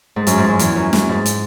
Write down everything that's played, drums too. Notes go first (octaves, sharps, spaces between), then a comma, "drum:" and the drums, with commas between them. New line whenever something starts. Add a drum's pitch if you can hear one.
G#2
F#2, drum: hi-hat
G#2
F#2
E2, drum: hi-hat
F#2
F#2, drum: snare
G#2
drum: hi-hat